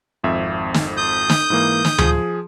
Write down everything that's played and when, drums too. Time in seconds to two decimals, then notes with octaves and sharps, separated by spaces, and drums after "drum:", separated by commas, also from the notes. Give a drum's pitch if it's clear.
0.23 G#1 F2 E5
0.74 drum: snare
0.97 D#6 G6
1.29 drum: snare
1.50 G#2 E3 A#3
1.85 drum: snare
1.98 F3 G#4, drum: tom D2